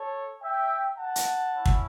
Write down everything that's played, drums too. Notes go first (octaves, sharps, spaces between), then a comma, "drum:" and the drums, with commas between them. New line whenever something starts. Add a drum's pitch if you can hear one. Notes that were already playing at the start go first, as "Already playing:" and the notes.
Already playing: A4 C#5
E5 G5
F#5 A5
drum: hi-hat
C#4 E4
drum: kick